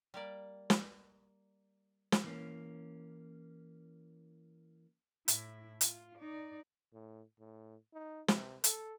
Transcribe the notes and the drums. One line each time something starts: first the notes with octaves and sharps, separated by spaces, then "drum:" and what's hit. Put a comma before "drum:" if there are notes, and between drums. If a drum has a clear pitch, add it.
G3 A#3 D5
drum: snare
drum: snare
E3 A#3 C#4
A2 E4, drum: hi-hat
F4, drum: hi-hat
D#4 D5
A2
A2
D#4
C3, drum: snare
A4, drum: hi-hat